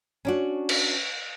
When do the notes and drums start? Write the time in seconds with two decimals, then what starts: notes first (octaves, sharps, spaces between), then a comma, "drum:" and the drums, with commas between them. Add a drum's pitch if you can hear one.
0.25 C#4 D4 F#4
0.69 drum: cymbal